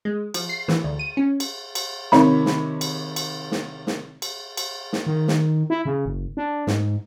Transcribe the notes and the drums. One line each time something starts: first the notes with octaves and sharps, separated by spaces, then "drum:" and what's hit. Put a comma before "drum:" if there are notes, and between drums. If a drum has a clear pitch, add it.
G#3
F3, drum: cymbal
C7
E3, drum: snare
D2
D#7
C#4
drum: cymbal
drum: cymbal
C3 D#3 C#5 B5, drum: snare
drum: snare
drum: cymbal
drum: cymbal
drum: snare
drum: snare
drum: cymbal
drum: cymbal
drum: snare
D#3
drum: snare
E4
C#3
F#1
D4
G#2, drum: snare